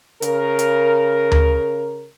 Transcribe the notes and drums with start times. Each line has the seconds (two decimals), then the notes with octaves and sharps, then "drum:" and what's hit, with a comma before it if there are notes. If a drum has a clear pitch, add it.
0.22 C#3 A#4, drum: hi-hat
0.59 drum: hi-hat
1.31 drum: tom D2